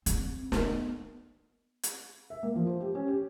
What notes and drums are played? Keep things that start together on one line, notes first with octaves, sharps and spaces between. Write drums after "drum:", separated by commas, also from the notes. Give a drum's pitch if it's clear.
C4, drum: hi-hat
B3, drum: snare
drum: hi-hat
E5
A#3
F3
C5
G4
C#4
G4